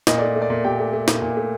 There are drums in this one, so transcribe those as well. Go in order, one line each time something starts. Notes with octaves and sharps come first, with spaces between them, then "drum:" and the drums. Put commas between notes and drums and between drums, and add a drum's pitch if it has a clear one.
A#2 D#5, drum: snare
A3 D5
A3
D5
A#2
A#2 G4 G5
A3
A3
A#2, drum: snare
A#2
A3